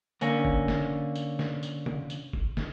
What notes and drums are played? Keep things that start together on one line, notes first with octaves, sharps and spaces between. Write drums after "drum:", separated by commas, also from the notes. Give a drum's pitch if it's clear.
D3 A#3 C#4, drum: tambourine
drum: kick F1
drum: snare
drum: tambourine
drum: snare
drum: tambourine
drum: tom
drum: tambourine
drum: kick F1
drum: snare